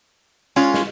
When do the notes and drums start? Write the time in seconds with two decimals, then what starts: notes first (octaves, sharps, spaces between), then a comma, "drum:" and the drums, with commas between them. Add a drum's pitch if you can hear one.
0.56 G#3 C#4 F4, drum: tambourine
0.74 drum: snare